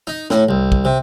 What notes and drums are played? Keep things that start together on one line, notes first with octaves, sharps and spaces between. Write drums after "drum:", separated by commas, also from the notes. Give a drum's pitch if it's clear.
D#4
A2, drum: snare
C2
drum: kick
C3